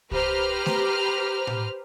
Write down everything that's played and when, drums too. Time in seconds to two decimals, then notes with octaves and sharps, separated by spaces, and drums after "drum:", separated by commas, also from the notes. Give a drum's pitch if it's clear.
0.11 G4 B4 C5 A#5 F6, drum: kick C2
0.66 drum: snare A3
1.47 drum: tom A2